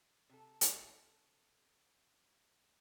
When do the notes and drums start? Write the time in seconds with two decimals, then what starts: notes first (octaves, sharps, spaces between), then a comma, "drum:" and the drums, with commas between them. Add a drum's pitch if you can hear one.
0.30 C3 A4
0.61 drum: hi-hat